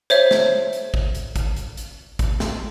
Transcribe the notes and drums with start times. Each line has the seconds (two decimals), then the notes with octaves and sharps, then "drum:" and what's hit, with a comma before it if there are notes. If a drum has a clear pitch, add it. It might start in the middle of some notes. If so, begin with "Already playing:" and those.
0.10 C5 C#5 E5, drum: hi-hat
0.31 drum: snare
0.73 drum: hi-hat
0.94 drum: kick
1.15 drum: hi-hat
1.36 drum: kick, hi-hat
1.56 drum: hi-hat
1.77 drum: hi-hat
2.19 drum: kick, hi-hat
2.40 drum: snare